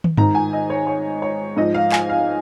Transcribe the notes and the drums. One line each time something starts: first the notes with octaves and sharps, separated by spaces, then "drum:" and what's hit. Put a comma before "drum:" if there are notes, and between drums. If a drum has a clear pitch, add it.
drum: tom
G#2 D#3 A#5, drum: tom G2
G#5
D#5
C#5
C#5
C#5
G#2 F3 D#5
F5
G#5, drum: clap
F5